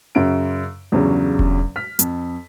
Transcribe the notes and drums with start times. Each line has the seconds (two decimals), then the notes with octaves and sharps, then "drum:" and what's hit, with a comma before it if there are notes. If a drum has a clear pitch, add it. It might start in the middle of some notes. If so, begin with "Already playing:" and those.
0.15 F#2 C#3 D7
0.92 E2 G2 C#3 F#3 C#4
1.39 drum: kick E1
1.76 F6 B6
1.99 F2, drum: hi-hat